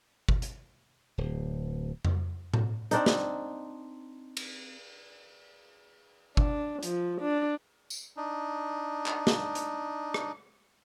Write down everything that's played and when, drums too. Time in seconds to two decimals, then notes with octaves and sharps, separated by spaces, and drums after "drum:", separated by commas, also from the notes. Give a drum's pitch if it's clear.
0.29 drum: kick G1
0.42 drum: hi-hat
1.18 D1
2.05 drum: tom F2
2.54 drum: tom A2
2.91 C4 D4 D#4, drum: hi-hat
3.06 drum: snare
4.37 drum: cymbal
6.37 D4, drum: kick G1
6.83 F3, drum: hi-hat
7.21 D4
7.90 drum: tambourine
8.17 D4 D#4
9.06 drum: clap
9.27 drum: snare
9.55 drum: hi-hat
10.14 drum: rim click